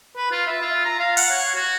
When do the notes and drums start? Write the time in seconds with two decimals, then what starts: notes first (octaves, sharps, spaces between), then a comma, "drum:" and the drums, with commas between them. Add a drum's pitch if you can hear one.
0.16 B4
0.31 F4
0.47 E5
0.62 F4
0.85 A#5
0.99 F5
1.17 F#5, drum: open hi-hat
1.31 C#5
1.55 F#4